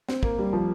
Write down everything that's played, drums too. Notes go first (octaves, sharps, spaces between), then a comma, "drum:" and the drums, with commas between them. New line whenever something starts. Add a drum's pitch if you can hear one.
C4, drum: snare
A#3, drum: kick
G3
F3